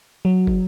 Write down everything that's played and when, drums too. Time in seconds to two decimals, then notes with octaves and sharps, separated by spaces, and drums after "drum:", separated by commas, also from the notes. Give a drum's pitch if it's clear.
0.25 F#3
0.47 drum: kick